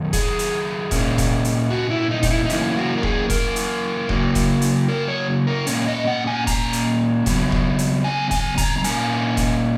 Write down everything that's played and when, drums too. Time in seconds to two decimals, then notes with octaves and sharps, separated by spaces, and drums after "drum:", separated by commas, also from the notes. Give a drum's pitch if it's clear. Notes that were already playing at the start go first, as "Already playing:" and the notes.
Already playing: F#2 D#3
0.13 G#4, drum: kick E1, hi-hat
0.39 drum: hi-hat
0.91 A#2 A#3 C#4, drum: kick E1, hi-hat
1.18 drum: kick E1, hi-hat
1.45 drum: hi-hat
1.70 F#4
1.90 E4
2.11 D#4
2.23 D#4, drum: kick E1, hi-hat
2.30 E4
2.45 D#4
2.50 F#2 E3 A#3 C#4 E4, drum: hi-hat
2.77 F#4
2.98 A#4
3.03 G#4, drum: kick E1
3.30 A#4, drum: kick E1, hi-hat
3.56 drum: hi-hat
4.09 C#3 F#3 A#3, drum: kick E1
4.35 drum: kick E1, hi-hat
4.62 drum: hi-hat
4.88 A#4
5.08 C#5
5.47 A#4
5.67 A#2 A#3 C#4 C#5, drum: hi-hat
5.88 D#5
6.07 F#5
6.27 G#5
6.47 A#5, drum: kick E1, hi-hat
6.73 drum: hi-hat
7.26 C#3 F#3 B3, drum: kick E1, hi-hat
7.52 drum: kick E1
7.79 drum: hi-hat
8.04 G#5
8.31 G#5, drum: kick E1, hi-hat
8.58 A#5, drum: kick E1, hi-hat
8.78 A#5
8.84 A#2 A#3 C#4 G#5, drum: hi-hat
9.37 drum: kick E1, hi-hat